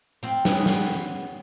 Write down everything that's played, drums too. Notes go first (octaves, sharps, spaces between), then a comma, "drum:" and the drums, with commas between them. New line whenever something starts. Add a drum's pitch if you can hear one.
F3 C4, drum: tambourine
B3 C#4 G#4, drum: snare
drum: snare
drum: tambourine